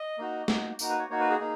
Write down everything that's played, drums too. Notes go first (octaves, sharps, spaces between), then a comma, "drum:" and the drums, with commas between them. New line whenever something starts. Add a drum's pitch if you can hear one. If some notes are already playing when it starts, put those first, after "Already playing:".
Already playing: D#5
A#3 D#4 F#4
A#3 D#4 F#4, drum: snare
A#3 D#4 F#4, drum: tambourine
B4
C#5
A#3 D#4 F#4 C#5
B4
G#4
A#3 D#4